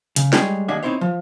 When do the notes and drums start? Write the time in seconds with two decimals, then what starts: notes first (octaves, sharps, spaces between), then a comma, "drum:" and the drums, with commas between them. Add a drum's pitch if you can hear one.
0.16 C#3, drum: hi-hat
0.33 G3 G#3 G#4 A4 C#5 G5, drum: snare
0.68 D#2 D4 D#5 E5 F#5 G#5
0.83 C4 D#4 E4 C5 C#5
1.01 F3